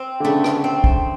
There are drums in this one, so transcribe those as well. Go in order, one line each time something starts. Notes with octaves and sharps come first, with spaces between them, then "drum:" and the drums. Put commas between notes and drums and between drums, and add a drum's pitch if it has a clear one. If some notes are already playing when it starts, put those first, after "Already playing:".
Already playing: C4
D3
C#3 A3
drum: rim click
C4
drum: kick